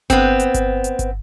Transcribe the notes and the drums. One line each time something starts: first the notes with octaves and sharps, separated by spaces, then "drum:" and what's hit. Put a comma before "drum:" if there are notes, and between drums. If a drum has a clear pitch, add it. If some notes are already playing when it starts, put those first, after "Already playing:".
B3 C4, drum: kick G1, hi-hat
drum: hi-hat
drum: kick G1, hi-hat
drum: hi-hat
drum: kick G1, hi-hat